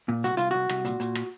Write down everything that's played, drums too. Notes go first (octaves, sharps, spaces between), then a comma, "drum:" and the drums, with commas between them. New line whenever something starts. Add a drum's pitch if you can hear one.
A#2
C2 F#4, drum: hi-hat
C2 F4, drum: hi-hat
C2 F#4
C2, drum: rim click
A#2, drum: hi-hat
A#2, drum: hi-hat
drum: rim click